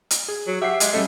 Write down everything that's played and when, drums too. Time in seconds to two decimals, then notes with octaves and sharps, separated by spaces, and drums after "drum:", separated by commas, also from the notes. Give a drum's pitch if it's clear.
0.11 drum: hi-hat
0.28 G#4
0.47 F#3
0.62 G4 E5 F#5 C7
0.80 G#3, drum: hi-hat
0.93 G3 A3 C#4 D#5